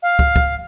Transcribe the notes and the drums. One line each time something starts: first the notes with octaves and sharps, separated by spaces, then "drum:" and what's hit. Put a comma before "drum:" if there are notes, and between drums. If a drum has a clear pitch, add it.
F5
drum: kick
drum: kick